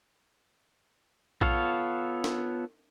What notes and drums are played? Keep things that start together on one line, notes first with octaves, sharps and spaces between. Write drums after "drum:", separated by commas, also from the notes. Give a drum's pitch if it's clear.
B3 F4 A4 C#5 F5, drum: kick A#1
drum: snare